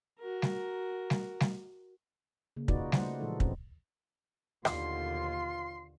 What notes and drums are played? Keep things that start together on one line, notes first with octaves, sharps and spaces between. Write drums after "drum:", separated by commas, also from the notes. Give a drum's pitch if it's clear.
F#4 A#4
drum: snare
drum: snare
drum: snare
C#3 A#3
D#4 F4 F#4 B4 D5, drum: kick
C#3 A3 C5 F#5, drum: snare
A#2 E3 F3 G#3 D#4 A4
C4 C#4, drum: kick
D#2 B2 D3 F4 C6, drum: rim click